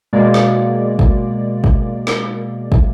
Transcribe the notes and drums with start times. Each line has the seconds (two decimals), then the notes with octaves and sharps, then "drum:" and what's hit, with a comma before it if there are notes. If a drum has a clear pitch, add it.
0.13 B2 G#3 A#3 D5
0.34 drum: snare
0.99 drum: kick
1.64 drum: kick
2.07 drum: snare
2.72 drum: kick